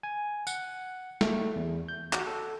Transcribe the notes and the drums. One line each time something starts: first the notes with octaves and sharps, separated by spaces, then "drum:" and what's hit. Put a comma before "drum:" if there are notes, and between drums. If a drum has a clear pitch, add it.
G#5
F#5, drum: tambourine
A3, drum: snare
E2
G6
F#4, drum: clap
A4